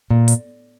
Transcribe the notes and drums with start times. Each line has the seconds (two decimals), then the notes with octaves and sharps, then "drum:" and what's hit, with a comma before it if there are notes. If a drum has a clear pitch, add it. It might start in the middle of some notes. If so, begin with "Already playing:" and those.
0.10 A#2
0.28 drum: hi-hat